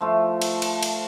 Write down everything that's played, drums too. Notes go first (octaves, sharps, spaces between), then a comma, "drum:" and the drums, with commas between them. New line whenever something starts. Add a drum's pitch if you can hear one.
F3 A3 F4
drum: cymbal
drum: cymbal
drum: cymbal